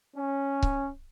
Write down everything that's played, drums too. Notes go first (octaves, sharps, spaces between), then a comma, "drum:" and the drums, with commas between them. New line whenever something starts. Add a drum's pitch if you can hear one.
C#4
drum: kick C#1